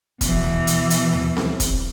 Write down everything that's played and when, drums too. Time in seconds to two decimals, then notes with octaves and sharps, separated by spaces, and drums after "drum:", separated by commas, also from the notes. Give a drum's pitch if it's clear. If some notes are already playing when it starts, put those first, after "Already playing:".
0.21 B2 E3, drum: kick, hi-hat
0.44 drum: tom D2
0.67 drum: hi-hat
0.90 drum: hi-hat
1.13 drum: tom D2
1.37 drum: snare C4
1.60 drum: kick, hi-hat